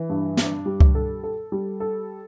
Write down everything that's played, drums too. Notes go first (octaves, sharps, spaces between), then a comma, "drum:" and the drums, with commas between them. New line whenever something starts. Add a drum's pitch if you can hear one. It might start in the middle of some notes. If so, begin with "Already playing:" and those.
Already playing: E3
G2
D4, drum: snare
G3
drum: kick C#2
A4
A4
G3
A4